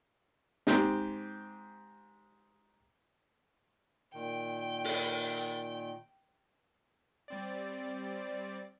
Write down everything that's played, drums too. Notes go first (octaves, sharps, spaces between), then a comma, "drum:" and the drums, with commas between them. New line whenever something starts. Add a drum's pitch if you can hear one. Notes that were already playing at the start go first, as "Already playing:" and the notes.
G#2 C4 G4, drum: snare
A#2 D#3 G5
drum: open hi-hat
G3 C4 D5